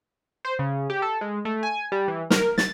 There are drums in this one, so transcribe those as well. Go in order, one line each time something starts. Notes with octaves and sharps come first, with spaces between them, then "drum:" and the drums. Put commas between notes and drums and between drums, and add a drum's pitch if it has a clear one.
C5
C#3
G4
A4
G#3
A3
G#5
G3
E3
A#4, drum: snare
A6, drum: snare